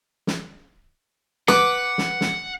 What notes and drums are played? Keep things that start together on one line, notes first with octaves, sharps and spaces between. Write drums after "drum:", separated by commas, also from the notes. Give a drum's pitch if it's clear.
drum: snare
B4 F#5 D6, drum: snare
drum: snare
drum: snare